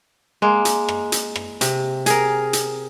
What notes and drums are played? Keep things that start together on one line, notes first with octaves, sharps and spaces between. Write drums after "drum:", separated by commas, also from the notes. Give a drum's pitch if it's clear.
G#3 A#3
drum: hi-hat
drum: rim click
drum: hi-hat
drum: rim click
C3, drum: hi-hat
G#4 A#4, drum: hi-hat
drum: hi-hat